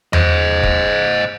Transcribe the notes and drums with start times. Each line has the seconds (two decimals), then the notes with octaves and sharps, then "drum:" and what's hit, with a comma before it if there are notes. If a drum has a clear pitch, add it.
0.13 C5 D#5, drum: tom E2
0.63 drum: kick